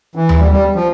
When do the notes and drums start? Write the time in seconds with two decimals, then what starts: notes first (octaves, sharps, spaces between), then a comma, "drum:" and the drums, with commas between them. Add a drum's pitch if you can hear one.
0.16 E3
0.29 drum: tom D#2
0.39 G3
0.51 G3
0.75 F3